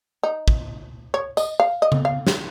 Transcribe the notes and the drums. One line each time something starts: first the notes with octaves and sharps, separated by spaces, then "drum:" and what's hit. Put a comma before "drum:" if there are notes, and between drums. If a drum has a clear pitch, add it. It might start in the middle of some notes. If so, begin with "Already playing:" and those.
D#4
drum: kick
C#5
D#5, drum: tambourine
F5
D#5
drum: tom C#3
F5
drum: snare